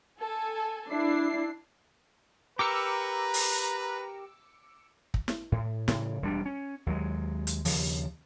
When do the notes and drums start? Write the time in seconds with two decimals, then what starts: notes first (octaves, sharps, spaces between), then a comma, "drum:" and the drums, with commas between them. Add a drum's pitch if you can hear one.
0.19 A4 G#5
0.89 D4 E4 C7
2.59 G4 A#4 B4 A#5 D6 E6 C#7
3.34 drum: open hi-hat
5.14 drum: kick
5.28 drum: snare
5.52 A2
5.88 A2 C#3, drum: snare
6.22 E1 G3 D4
6.46 C#4
6.86 D#2 F#3 G#3
7.47 drum: hi-hat
7.65 D#2 C#3 F3, drum: open hi-hat